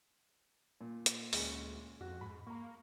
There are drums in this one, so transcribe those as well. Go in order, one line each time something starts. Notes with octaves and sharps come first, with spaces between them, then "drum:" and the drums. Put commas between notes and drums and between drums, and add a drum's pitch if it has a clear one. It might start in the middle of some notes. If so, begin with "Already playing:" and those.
A#2
drum: hi-hat
D2 G#3 C#4, drum: open hi-hat
F2 F#4
G#2 B5
A#3 A#5 C#6